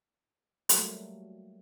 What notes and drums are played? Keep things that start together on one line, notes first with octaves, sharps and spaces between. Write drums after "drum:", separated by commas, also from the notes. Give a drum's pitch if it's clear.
F#3 G3 A3 A#3, drum: hi-hat